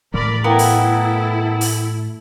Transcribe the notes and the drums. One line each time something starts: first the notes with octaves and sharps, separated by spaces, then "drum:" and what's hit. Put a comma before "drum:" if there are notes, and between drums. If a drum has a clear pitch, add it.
A2 E3 A3 A#4 D5 B5
B3 E4 A4 A#4 F5 G5 B5
drum: open hi-hat
drum: open hi-hat